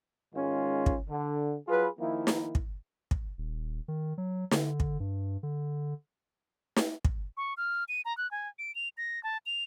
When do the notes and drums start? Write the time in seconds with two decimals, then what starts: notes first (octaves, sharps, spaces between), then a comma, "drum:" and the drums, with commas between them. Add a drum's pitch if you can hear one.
0.34 G#2 D#3 G#3 C#4 F4
0.86 drum: kick
1.09 D3
1.68 F#3 F4 G#4 B4
1.99 D#3 F3 A#3 E4
2.27 drum: snare
2.55 drum: kick
3.11 drum: kick
3.38 D#1
3.88 D#3
4.18 F#3
4.51 D3, drum: snare
4.80 drum: kick
5.00 G2
5.43 D3
6.76 drum: snare
7.05 drum: kick
7.37 C#6
7.57 F6
7.89 D#7
8.05 A#5
8.18 F#6
8.31 G#5
8.59 D7
8.75 F7
8.97 A#6
9.24 A5
9.46 F7